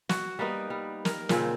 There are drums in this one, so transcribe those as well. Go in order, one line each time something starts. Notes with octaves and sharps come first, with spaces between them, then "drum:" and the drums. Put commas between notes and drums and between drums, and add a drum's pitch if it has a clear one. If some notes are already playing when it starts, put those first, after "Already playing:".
F#4, drum: snare
G3 A#3 B3 D#4
G3
A#4, drum: snare
A#2 C#3 C4, drum: snare